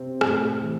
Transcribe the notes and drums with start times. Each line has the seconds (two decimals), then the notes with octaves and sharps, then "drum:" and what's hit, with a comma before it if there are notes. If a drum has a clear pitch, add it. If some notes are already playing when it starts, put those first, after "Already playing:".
Already playing: C3 C4
0.21 A2, drum: rim click
0.61 E3